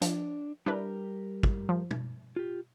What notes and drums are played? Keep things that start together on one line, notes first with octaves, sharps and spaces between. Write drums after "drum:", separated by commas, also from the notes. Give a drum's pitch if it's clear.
F3 D4, drum: hi-hat
G3 D4 E4 G4 A#4 B4
drum: kick
F3
drum: tom
F4 G4